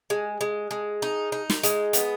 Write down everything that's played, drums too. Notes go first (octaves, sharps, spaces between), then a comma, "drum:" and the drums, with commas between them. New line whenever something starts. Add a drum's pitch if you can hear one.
G#3
G#3
G#3
D#4
D#4
drum: snare
G#3, drum: hi-hat
B3, drum: hi-hat